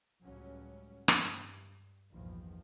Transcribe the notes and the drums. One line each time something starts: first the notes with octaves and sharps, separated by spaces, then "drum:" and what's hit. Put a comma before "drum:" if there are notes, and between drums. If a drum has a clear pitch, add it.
C#2 A2 F#3 G3 C#4
G2, drum: rim click
A#1 E2 G2 D#3 F3